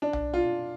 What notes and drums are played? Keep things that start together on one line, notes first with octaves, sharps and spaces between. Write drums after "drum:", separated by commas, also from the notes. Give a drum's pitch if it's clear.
D4
drum: tom B1
F4